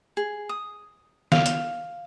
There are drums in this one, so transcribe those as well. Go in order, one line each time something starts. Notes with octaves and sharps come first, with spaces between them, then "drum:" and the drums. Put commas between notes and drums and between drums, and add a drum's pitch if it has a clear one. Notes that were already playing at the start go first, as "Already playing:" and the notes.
G#4
D#6
F5, drum: snare
drum: hi-hat